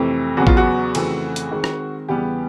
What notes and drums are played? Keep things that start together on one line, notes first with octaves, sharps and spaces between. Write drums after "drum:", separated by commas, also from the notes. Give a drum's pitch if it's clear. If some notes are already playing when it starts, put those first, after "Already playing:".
Already playing: F2 C3 E3 A3 C4
E2 C#3 F#3 B3 F#4
F4, drum: kick
F#4
F2 C#3 E3 A3 C4, drum: cymbal
drum: hi-hat
D#3 G#3 C4
drum: rim click
E2 C#3 E3 G3 B3 G4